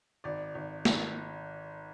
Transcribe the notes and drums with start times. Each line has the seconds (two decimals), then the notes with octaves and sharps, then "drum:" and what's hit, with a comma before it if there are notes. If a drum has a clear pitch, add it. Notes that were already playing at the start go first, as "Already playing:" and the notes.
0.24 G#1 D5
0.55 G#1
0.85 G#1, drum: snare